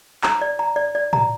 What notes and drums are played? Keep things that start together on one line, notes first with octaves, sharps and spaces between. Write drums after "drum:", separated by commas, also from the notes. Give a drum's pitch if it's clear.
A#5, drum: clap
D5
A#5
D5
D5
A#5, drum: tom A2